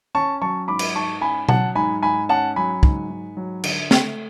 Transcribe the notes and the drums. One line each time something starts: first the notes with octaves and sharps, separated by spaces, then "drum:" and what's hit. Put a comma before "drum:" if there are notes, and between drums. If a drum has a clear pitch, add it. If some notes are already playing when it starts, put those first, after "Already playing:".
C#4 A5 C#6
F#3 A5 C#6
G#2 B5 D6
drum: cymbal
G#2 A5 C#6
C#4 G#5 B5
F#3 F#5 A5, drum: tom B2
G#2 G#5 B5
G#2 G#5 B5
C#4 F#5 A5
F#3 G#5 B5
G#2, drum: kick
G#2
F#3
D3, drum: cymbal
A3, drum: snare